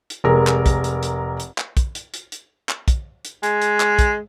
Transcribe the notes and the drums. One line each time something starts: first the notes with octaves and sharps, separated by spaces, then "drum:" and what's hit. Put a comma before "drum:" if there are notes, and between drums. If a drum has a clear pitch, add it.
drum: hi-hat
F1 G#3 A#4
drum: clap
drum: kick, hi-hat
drum: hi-hat
drum: hi-hat
drum: hi-hat
drum: clap
drum: kick, hi-hat
drum: hi-hat
drum: hi-hat
drum: hi-hat
drum: clap
drum: kick, hi-hat
drum: hi-hat
G#3, drum: hi-hat
drum: hi-hat
drum: clap
drum: kick, hi-hat